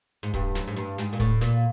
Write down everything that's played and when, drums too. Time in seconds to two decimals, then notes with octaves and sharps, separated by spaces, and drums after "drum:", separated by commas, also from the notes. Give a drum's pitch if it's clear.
0.23 G#2
0.34 G2, drum: kick D1, open hi-hat
0.55 F#2, drum: snare
0.68 G#2
0.76 G2, drum: hi-hat
0.98 G#2, drum: snare
1.13 A#2
1.20 A2, drum: kick D1, hi-hat
1.41 A#2, drum: snare